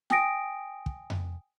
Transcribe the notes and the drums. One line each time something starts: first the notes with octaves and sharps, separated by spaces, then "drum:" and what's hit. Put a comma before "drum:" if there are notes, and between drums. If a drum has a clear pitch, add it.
G5 G#5 D#6 A#6 D7, drum: snare
drum: kick
drum: tom F2